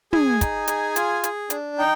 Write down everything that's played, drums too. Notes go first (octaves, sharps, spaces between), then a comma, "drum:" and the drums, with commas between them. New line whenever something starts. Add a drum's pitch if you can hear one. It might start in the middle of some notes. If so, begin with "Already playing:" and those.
G#4 G#5, drum: tom
D#4, drum: kick, hi-hat
G#4, drum: hi-hat
F4, drum: hi-hat
G#4, drum: hi-hat
D4, drum: hi-hat
D#4 G5